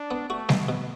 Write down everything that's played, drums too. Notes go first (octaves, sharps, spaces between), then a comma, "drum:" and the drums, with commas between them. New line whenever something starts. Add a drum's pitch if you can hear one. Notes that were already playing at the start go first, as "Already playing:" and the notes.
Already playing: D4
B3
A3 F#4
B2, drum: snare G3
B3
B2